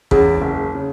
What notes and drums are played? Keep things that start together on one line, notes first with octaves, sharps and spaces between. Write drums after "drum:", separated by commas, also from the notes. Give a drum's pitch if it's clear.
E2 C#3 G#4, drum: kick A1
F#1
C#3